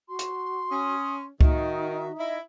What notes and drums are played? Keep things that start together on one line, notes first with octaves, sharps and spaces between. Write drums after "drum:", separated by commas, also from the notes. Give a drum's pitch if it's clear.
F#4 C6
drum: hi-hat
C#4 D#6
D#3 D#4 F#4 E5, drum: kick C#2
E4 D#5